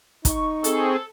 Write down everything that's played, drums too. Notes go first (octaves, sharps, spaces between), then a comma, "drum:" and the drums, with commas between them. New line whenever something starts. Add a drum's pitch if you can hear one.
D#4 C#6, drum: kick, hi-hat
C4 G#4 A4, drum: hi-hat